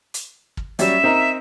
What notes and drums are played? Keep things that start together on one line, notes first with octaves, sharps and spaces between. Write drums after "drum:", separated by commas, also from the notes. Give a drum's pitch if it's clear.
drum: hi-hat
drum: kick
F#3 G3 C#4 E5, drum: hi-hat
C4 D#4 A#4